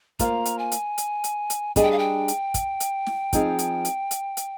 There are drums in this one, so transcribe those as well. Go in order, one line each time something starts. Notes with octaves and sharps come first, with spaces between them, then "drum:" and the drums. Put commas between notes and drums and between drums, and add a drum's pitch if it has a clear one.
A#3 F4 C5 F5 A#5, drum: kick, hi-hat
drum: hi-hat
G#5
drum: hi-hat
drum: hi-hat
drum: hi-hat
drum: hi-hat
G3 D4 G#4 D#5 G#5, drum: kick, hi-hat
G5
F5
G5
drum: hi-hat
drum: kick, hi-hat
drum: hi-hat
drum: snare
F3 C4 D#4 G#4, drum: kick, hi-hat
drum: hi-hat
drum: hi-hat
drum: hi-hat
drum: hi-hat